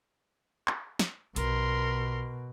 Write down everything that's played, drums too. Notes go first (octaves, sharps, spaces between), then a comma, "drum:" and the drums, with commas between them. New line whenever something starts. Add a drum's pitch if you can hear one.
drum: clap
drum: snare
B1 B2 F4 A#4 C6, drum: hi-hat